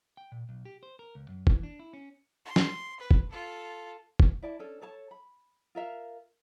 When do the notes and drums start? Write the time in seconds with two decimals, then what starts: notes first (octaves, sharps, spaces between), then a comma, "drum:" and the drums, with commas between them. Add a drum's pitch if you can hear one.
0.17 G5
0.32 A#2
0.49 B1
0.65 G4
0.83 C5
0.99 A#4
1.15 C#2
1.29 F#2
1.47 E3, drum: kick
1.63 D4
1.79 E4
1.93 C#4
2.45 C6
2.56 drum: snare
3.00 B4
3.11 drum: kick
3.29 F4 A4
4.20 drum: kick
4.42 E4 D5 A5
4.59 C#4 D4 A4
4.82 A4 C#5 A5
5.11 B5
5.75 F4 A#4 E5 F5